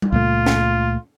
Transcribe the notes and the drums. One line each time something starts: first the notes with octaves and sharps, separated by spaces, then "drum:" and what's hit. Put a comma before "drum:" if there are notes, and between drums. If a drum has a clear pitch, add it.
drum: tom G3
C#2 A#2 A3 F4
drum: snare